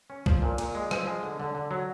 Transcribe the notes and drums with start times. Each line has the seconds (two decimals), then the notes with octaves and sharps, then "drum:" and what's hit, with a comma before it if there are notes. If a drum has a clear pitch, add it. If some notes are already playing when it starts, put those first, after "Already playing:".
0.10 C#4
0.26 F3, drum: kick C2
0.42 A#2
0.58 A#2, drum: cymbal
0.75 G#3
0.91 F3, drum: rim click
1.07 G#3
1.23 D3
1.40 D3
1.55 D3
1.71 F#3